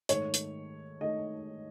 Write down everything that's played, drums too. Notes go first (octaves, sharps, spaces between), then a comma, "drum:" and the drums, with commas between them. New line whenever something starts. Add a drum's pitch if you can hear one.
G#2 D#3 A3 C#5, drum: hi-hat
drum: hi-hat
D#3 A3 D#5